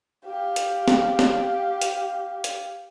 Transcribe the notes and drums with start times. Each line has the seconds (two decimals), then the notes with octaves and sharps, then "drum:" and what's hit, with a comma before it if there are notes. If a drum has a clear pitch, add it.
0.25 G4 F5
0.56 drum: hi-hat
0.88 drum: snare
1.19 drum: snare
1.82 drum: hi-hat
2.44 drum: hi-hat